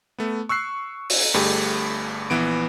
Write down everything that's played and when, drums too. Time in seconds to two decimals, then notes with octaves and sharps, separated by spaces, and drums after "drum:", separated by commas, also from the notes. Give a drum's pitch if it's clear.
0.18 A3 B3
0.49 C#6 E6 F#6 C7
1.10 drum: open hi-hat
1.34 G1 G2 A3 G4 G#4
2.30 A#1 E3 B3 D7